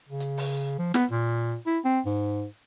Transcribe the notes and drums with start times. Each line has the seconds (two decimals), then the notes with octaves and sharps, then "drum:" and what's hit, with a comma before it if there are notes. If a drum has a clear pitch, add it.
0.09 C#3
0.20 drum: hi-hat
0.38 drum: open hi-hat
0.79 F3
0.94 B3, drum: snare
1.11 A#2
1.67 E4
1.85 C4
2.06 G#2